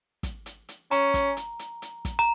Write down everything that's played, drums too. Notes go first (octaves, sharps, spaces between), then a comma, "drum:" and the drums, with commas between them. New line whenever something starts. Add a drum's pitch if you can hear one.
drum: kick, hi-hat
drum: hi-hat
drum: hi-hat
C#4 A#5, drum: hi-hat
drum: kick, hi-hat
drum: hi-hat
drum: hi-hat
drum: hi-hat
drum: kick, hi-hat
A#5